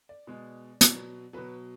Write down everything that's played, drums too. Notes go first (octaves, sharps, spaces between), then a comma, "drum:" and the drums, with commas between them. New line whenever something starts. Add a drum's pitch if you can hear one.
D5
B2 G#3
B2 F#3, drum: hi-hat
B2 F#3 B4